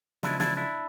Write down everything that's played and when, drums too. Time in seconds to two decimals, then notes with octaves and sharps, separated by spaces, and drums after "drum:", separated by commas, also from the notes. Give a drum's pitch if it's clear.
0.23 C#3 F3 G#3 D4 E4, drum: snare
0.40 D4 E4, drum: snare
0.57 D4 E4